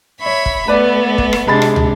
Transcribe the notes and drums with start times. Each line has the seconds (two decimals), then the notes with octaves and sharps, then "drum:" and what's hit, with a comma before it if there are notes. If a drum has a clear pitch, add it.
0.21 C#5 E5 B5
0.46 drum: kick
0.68 A3 B3 B4 D5
1.18 drum: kick
1.33 drum: rim click
1.47 C3 G#3 D4 B5 A6
1.62 drum: rim click
1.76 drum: tom